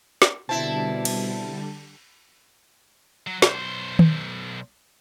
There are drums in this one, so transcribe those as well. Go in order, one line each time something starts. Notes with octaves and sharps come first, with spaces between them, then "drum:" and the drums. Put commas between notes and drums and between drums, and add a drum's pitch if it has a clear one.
drum: snare
B2 D3 G3 C4 E4 A5
drum: cymbal
F#3
B1 C5, drum: snare
drum: tom D#3